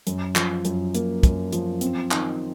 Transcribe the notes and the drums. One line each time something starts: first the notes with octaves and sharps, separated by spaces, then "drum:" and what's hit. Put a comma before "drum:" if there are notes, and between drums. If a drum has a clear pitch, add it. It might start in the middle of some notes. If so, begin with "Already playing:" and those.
F#2, drum: hi-hat
F3, drum: clap
F#2, drum: hi-hat
A#3, drum: hi-hat
F#2, drum: kick, hi-hat
F3, drum: hi-hat
C4, drum: hi-hat
D#3, drum: clap